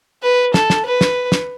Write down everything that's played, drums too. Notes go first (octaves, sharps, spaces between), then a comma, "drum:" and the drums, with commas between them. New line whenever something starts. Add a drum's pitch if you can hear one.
B4
A4, drum: snare
drum: snare
B4
drum: snare
drum: snare